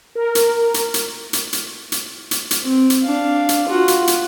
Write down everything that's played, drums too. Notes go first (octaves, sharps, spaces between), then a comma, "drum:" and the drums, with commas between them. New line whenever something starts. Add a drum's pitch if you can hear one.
A#4
drum: hi-hat
drum: hi-hat
drum: hi-hat
drum: hi-hat
drum: hi-hat
drum: hi-hat
drum: hi-hat
drum: hi-hat
C4
drum: hi-hat
D4 F5
drum: hi-hat
F4 F#4
drum: hi-hat
drum: hi-hat